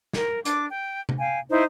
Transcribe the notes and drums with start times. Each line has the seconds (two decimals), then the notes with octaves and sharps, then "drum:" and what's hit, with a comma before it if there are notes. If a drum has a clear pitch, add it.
0.13 A#4, drum: snare
0.45 D4 D6, drum: hi-hat
0.70 G5
1.09 drum: tom C3
1.19 F5 G5 G#5
1.50 D#4 E4 C5